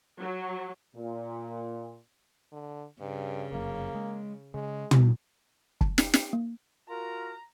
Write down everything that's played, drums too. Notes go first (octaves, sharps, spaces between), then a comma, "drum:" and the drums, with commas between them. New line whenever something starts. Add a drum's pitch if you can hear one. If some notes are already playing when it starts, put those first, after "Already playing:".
F#3
A#2
D3
G2 C#3
F1 F#2 A#3
G#3
C#3 G#3
drum: tom
A5, drum: kick
D#4, drum: snare
D#4, drum: snare
A#3
F4 F#4 A#4 A#5